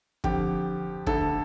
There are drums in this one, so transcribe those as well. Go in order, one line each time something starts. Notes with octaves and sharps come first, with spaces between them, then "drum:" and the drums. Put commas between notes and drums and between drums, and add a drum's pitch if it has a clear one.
F2 D3 G4, drum: kick
D2 D3 A4, drum: kick